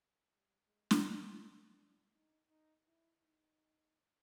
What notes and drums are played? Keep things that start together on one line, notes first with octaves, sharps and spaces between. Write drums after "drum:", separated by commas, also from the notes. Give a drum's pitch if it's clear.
G3
G#3
drum: snare
A3
A#3
D4
D#4
D#4
E4
D#4